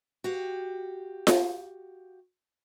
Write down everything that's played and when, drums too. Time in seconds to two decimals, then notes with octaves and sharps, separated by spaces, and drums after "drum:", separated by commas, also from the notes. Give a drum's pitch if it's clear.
0.24 F#4 G4 F5
1.27 drum: snare F4